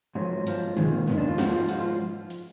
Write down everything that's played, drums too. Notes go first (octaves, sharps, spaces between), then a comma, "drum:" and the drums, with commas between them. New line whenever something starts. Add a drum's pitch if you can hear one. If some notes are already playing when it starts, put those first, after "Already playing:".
G#2 F3 F#3
G#2 F3, drum: hi-hat
G#2 D#3 G#3, drum: tom
A#3
G#2 D#3 B3, drum: tom
D4
F4
G#2 F3 F#4, drum: snare
F4
G#2 F3 F#4, drum: hi-hat
F4
drum: hi-hat